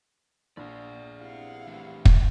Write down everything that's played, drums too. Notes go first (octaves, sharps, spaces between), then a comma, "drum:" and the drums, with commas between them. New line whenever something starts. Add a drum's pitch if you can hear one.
A#1 G#4 D5
G2 C3 E4 F5 F#5
E3 A3 G#4
drum: kick